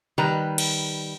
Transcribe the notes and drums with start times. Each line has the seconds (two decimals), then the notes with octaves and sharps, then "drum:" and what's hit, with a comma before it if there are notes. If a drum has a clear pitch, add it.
0.18 D#3 G3 B4 A#5
0.58 drum: cymbal